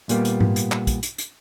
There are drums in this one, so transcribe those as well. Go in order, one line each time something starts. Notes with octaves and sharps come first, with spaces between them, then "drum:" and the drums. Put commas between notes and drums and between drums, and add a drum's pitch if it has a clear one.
A#2 G3 A#3 B3, drum: hi-hat
drum: hi-hat
drum: tom G#2
drum: hi-hat
drum: clap
drum: kick, hi-hat
drum: hi-hat
drum: hi-hat